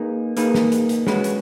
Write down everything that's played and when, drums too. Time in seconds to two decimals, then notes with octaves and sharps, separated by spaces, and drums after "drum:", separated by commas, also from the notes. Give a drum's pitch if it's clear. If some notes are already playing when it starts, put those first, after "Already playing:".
Already playing: A#3 D#4 G#4 B4
0.37 A#3 D#4 G#4 B4, drum: hi-hat
0.54 drum: snare
0.72 drum: hi-hat
0.89 drum: hi-hat
1.07 G#3 C#4 F#4 B4, drum: snare
1.24 drum: hi-hat